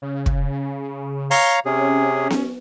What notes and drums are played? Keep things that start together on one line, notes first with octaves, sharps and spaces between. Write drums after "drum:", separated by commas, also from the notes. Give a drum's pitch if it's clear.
C#3
drum: kick
C#5 F5 A#5, drum: open hi-hat
C3 C#4 G#4
drum: snare B3